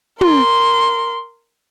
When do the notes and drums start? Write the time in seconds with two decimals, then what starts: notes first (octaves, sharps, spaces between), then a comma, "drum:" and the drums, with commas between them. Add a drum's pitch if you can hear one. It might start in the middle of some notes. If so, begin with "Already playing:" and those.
0.21 A#4 C6, drum: tom